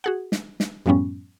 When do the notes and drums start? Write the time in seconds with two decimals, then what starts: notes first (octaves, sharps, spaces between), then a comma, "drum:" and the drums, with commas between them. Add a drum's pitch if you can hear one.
0.04 F#4 G#4 F#5
0.32 drum: snare
0.60 drum: snare
0.86 F#2 A2 F3 G3 B3 C#4